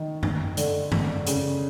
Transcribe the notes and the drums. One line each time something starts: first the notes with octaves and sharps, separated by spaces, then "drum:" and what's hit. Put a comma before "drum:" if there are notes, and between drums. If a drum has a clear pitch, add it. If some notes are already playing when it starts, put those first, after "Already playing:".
Already playing: D#3
drum: tom F#2
D3, drum: hi-hat
drum: tom F#2
C#3, drum: hi-hat